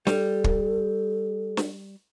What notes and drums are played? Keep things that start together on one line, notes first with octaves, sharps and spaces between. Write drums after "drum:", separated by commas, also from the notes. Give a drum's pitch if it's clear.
G3 A4, drum: snare
drum: kick
drum: snare